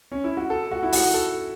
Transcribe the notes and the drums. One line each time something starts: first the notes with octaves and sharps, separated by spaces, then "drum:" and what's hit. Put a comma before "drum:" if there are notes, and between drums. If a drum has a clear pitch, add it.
C#4
E4
F#4
A4
F#4
E4
F#4, drum: open hi-hat
A4